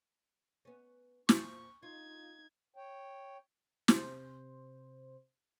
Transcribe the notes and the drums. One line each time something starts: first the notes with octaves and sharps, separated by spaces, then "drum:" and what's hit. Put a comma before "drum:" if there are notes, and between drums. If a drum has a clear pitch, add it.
B3 C#4
A#2 F3 C#6, drum: snare
D#4 F4 G#6
C#5 G5
C3 C5, drum: snare